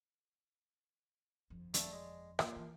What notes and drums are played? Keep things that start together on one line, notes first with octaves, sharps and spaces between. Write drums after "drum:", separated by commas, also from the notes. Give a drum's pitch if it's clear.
G1 F2
G2 A3 D5, drum: hi-hat
G#3
F3 A#3, drum: rim click
E3